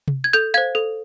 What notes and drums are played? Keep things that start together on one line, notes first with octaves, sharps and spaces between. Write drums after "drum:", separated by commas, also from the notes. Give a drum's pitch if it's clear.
drum: tom C3
G#6
A4 G6
C5 F5 G#6
A4